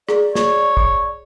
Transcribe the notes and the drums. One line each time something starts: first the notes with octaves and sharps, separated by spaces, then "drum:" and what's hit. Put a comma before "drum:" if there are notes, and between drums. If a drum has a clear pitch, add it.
E4 G#4 A#4 D5, drum: rim click
C#5, drum: snare
drum: kick